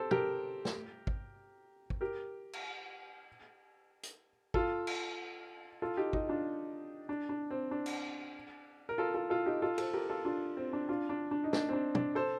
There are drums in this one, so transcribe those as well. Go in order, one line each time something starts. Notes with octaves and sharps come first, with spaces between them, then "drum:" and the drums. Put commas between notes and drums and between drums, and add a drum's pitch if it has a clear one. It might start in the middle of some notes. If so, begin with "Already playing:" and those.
Already playing: C4 G4 A4 C5
G4 A#4, drum: tom
drum: snare
drum: kick
drum: kick
G4 A#4
drum: cymbal
drum: hi-hat
F4 A4, drum: kick
drum: cymbal
F4 A4
D#4 G4
D#4 G4, drum: kick
D4 F4
D4
D4
C4
D4
drum: cymbal
A#4
F4 A4
F4 A4
F4 A4
D#4 G4
F4 A4
A4 C5, drum: cymbal
G4 A#4
F4 A4
D4 F4
C4
D4
D4 F4
D4
D4
D#4
D4, drum: snare
C4
D4
D4, drum: tom
A4 C5